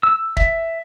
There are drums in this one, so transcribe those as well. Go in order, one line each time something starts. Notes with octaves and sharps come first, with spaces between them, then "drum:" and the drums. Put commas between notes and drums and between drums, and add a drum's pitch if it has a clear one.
E6
E5, drum: kick